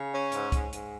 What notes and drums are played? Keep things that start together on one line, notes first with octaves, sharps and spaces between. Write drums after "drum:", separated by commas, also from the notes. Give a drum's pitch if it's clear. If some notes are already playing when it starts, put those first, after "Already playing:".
Already playing: C#3
C#4
G#2, drum: hi-hat
G#2, drum: kick, hi-hat
G#2, drum: hi-hat